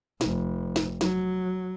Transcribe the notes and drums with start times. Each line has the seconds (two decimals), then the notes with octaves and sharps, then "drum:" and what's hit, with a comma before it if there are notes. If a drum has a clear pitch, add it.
0.21 F1, drum: snare
0.76 drum: snare
1.01 F#3, drum: snare